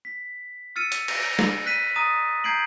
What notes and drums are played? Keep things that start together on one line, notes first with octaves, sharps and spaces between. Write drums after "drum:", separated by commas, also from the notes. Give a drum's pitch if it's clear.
B6
E6 F6 A6 C#7 D#7
drum: hi-hat
A#6, drum: cymbal
drum: snare
F#6 B6 D#7
A#5 D#6 A6 D#7 E7
A#5 G6 G#6 C7 D7 F#7